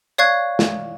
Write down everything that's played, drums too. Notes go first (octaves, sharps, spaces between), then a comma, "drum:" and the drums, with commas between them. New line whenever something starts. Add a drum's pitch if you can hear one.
C#5 D5 F5 C#6 F#6 G#6
drum: snare